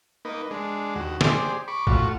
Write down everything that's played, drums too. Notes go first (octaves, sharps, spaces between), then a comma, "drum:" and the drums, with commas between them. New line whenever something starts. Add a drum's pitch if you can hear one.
A#3 D#4 B4
G#3 D4
D#2 F#4
G4 G#4 C5 D5, drum: snare
B5 C#6 D6
A2 F4 F#4 C#6, drum: kick A1